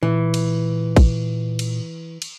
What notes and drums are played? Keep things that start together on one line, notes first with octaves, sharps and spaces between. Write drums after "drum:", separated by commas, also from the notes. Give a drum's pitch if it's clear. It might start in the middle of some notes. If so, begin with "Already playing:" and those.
A#2 E3
drum: cymbal
drum: kick A1, cymbal
drum: cymbal
drum: cymbal